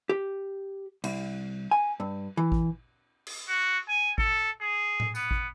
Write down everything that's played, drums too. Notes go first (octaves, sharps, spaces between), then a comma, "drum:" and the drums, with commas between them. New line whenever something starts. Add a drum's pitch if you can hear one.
G4
C2, drum: cymbal
G#5
G2
E3
drum: kick G#1
drum: cymbal
F#4
G#5
A4, drum: kick G#1
G#4
drum: tom A2
B3, drum: tambourine
drum: kick G#1